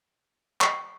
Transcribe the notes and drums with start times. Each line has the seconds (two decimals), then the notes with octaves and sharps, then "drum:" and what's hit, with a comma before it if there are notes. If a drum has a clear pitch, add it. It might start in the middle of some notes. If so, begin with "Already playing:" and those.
0.61 C#6, drum: clap